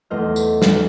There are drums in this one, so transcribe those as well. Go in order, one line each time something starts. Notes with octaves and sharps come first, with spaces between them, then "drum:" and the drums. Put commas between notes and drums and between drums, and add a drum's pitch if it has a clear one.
E2 A3 C5 D#5 F6
drum: tambourine
drum: snare